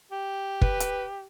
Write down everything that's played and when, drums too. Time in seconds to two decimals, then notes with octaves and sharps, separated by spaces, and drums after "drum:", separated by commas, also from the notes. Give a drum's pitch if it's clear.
0.12 G4
0.61 B4, drum: kick
0.80 drum: hi-hat